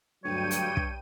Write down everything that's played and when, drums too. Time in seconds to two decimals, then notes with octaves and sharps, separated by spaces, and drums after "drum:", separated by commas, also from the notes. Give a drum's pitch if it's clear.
0.24 D2 G2 F#3 C#5 G5 D#7
0.51 drum: hi-hat
0.77 drum: kick